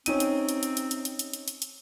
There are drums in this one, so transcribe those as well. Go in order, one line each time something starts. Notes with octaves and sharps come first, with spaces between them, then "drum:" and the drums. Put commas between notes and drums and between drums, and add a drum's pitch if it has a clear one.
C3 C4 C#4 D#4 D#7, drum: hi-hat
drum: hi-hat
drum: hi-hat
drum: hi-hat
drum: hi-hat
drum: hi-hat
drum: hi-hat
drum: hi-hat
drum: hi-hat
drum: hi-hat
drum: hi-hat